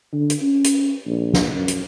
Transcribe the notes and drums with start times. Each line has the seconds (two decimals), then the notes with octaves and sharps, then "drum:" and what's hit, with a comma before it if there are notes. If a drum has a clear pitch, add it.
0.12 D3
0.30 drum: hi-hat
0.42 C#4
0.64 drum: hi-hat
1.06 A#1
1.33 drum: snare
1.54 F#2
1.68 drum: hi-hat